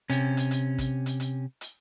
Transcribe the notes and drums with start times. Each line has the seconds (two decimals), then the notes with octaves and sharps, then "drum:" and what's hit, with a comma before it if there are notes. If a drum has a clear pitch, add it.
0.10 C3 C#4, drum: hi-hat
0.37 drum: hi-hat
0.51 drum: hi-hat
0.78 drum: kick, hi-hat
1.06 drum: hi-hat
1.20 drum: hi-hat
1.61 drum: hi-hat